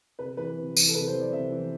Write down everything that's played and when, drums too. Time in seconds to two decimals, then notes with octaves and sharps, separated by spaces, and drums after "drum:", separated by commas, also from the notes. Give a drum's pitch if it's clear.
0.19 C3 B4
0.37 E3 B4
0.57 C3
0.77 E3, drum: tambourine
0.88 A4
0.95 C3 B4
1.08 C5
1.15 E3
1.21 D5
1.32 C3 E5
1.52 E3